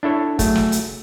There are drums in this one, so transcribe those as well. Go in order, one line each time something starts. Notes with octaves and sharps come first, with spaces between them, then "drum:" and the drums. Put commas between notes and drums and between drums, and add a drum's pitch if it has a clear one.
D4 E4 A4 C#5
F#3 A3 G#4, drum: kick, hi-hat
drum: snare
drum: hi-hat